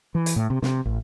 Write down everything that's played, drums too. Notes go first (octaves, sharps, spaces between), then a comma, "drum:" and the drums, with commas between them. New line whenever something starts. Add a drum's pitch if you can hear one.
E3
drum: hi-hat
A2
C3
C3, drum: snare
A1